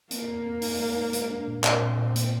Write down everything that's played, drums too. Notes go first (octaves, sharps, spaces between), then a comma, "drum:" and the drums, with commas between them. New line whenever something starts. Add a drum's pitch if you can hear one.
A#3 C4, drum: hi-hat
C4
C4
D#4, drum: open hi-hat
G#3
D#4
G#3, drum: hi-hat
D4
A#2
A#2 C4, drum: clap
A#2
A#2
A#3, drum: hi-hat